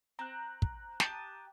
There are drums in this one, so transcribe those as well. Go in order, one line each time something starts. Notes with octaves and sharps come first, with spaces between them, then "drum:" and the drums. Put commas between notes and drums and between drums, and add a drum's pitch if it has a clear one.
C4 A#5 F#6
drum: kick
G4 A5 D#6, drum: snare